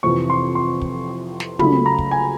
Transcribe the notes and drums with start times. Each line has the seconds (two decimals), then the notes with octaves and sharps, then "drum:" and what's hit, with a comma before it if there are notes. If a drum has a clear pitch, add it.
0.03 F2 C3 E3 C#6
0.30 C6
0.55 C6
0.82 drum: kick
1.40 drum: snare
1.59 C#2 C#3 F#3 A3 B5, drum: tom
1.86 A#5
1.99 drum: kick
2.11 G#5